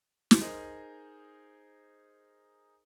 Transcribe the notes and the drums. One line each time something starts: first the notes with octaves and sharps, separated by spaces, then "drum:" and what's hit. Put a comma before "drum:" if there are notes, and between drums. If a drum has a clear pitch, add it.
drum: snare
D#4 G#4 A#4 C5 D#5